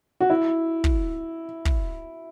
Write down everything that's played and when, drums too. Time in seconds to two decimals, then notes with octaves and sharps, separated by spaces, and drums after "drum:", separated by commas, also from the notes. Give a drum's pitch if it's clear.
0.20 F#4
0.30 E4
0.84 drum: kick
1.65 drum: kick